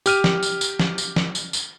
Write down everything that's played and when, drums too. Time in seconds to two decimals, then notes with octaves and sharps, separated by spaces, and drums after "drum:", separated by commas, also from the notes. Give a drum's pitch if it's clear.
0.06 G4 F6 D#7, drum: tambourine
0.24 drum: snare
0.43 drum: tambourine
0.61 drum: tambourine
0.80 drum: snare
0.98 drum: tambourine
1.16 drum: snare
1.35 drum: tambourine
1.53 drum: tambourine